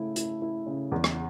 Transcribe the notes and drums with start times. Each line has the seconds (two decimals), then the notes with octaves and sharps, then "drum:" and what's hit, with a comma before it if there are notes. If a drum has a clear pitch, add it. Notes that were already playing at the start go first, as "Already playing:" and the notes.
Already playing: C#3 A3 E4
0.16 E4, drum: hi-hat
0.42 E4
0.66 C#3
0.92 E2
1.04 drum: rim click